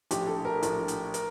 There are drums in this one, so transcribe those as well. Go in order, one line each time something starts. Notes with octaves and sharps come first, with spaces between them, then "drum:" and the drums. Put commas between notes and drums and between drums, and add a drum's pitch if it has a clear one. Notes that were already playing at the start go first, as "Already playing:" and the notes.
A#1 A2 G4, drum: hi-hat
A4
A#4
A#1 A2, drum: hi-hat
drum: hi-hat
A#4, drum: hi-hat